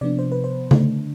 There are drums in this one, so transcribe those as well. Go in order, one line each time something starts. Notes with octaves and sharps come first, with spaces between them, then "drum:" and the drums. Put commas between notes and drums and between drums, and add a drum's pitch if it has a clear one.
C3 F3 B3 D4 D5
C5
B4
C5
D3 A3 D4, drum: tom C#3